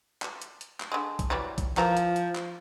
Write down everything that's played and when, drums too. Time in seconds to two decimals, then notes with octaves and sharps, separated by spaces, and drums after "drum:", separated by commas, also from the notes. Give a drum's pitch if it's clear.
0.22 drum: clap
0.42 drum: hi-hat
0.61 drum: hi-hat
0.80 drum: clap
0.92 D3 G#3
1.19 drum: kick, hi-hat
1.30 E3 F#3 G3
1.58 drum: kick, hi-hat
1.77 E3 F3 A#4 A#5, drum: clap
1.97 drum: hi-hat
2.16 drum: hi-hat
2.35 drum: clap